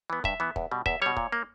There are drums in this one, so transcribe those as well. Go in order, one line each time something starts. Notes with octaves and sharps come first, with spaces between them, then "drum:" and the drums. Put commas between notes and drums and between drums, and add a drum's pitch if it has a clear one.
E3 B3
G2 E5, drum: kick
E3 B3
E2, drum: kick
B2 G3
E2 E5, drum: kick
B2 G3 C#5
A#2, drum: kick
A#3